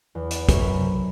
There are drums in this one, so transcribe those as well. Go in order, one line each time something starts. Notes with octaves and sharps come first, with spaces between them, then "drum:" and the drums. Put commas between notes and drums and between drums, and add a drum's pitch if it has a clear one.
E2
D5, drum: hi-hat
F#2, drum: kick, hi-hat
B5
C3